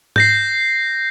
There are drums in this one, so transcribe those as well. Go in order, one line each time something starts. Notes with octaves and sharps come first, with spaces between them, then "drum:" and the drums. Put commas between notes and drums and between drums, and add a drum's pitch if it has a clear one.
G6 A#6 C7, drum: tom G#2